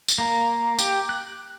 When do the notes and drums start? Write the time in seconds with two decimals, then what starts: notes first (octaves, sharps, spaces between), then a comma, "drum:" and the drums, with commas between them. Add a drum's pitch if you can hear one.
0.08 drum: tambourine
0.18 A#3
0.79 G4, drum: tambourine
1.09 F#6